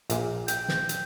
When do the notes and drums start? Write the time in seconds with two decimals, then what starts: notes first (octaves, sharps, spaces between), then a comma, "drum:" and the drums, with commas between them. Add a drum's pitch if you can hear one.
0.10 A#1 A#2, drum: hi-hat
0.48 G5, drum: hi-hat
0.68 drum: snare
0.89 drum: hi-hat